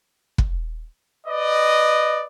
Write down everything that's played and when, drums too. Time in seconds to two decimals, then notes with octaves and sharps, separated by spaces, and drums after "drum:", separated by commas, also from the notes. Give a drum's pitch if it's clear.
0.38 drum: kick
1.26 B4 D5 D#5